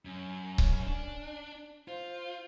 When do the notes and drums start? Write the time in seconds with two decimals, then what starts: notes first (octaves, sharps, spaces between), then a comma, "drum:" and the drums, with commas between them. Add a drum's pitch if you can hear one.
0.05 F#2 C#4
0.58 drum: kick C#1
0.86 D4
1.88 F4 C5